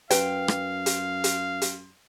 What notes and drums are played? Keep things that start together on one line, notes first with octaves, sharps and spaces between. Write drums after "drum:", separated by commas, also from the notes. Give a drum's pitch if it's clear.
F#2 B4 F5 G5, drum: hi-hat
drum: rim click
drum: hi-hat
drum: hi-hat
drum: hi-hat